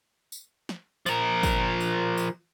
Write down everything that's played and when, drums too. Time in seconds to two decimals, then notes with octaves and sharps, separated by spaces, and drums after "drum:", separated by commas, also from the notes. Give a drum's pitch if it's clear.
0.32 drum: tambourine
0.69 drum: snare
1.06 F3 A#4, drum: tambourine
1.43 drum: kick, tambourine
1.80 drum: tambourine
2.17 drum: tambourine